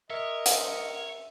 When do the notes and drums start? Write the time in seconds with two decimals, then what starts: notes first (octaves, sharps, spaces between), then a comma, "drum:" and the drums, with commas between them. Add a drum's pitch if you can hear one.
0.10 A#4 C#5 D#5 E5
0.46 drum: hi-hat